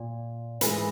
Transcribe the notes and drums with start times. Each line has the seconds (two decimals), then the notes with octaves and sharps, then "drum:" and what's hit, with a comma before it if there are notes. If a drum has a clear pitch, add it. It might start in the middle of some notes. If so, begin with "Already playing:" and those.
Already playing: A#2
0.61 G#2 E3 G#3 B4, drum: hi-hat